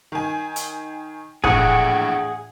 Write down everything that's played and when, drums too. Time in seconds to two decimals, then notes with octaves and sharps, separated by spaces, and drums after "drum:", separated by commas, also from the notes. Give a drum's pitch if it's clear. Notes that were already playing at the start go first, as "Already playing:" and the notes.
0.12 D#3 G#5
0.56 drum: hi-hat
1.44 A#1 E2 A2 G#4 F#5, drum: kick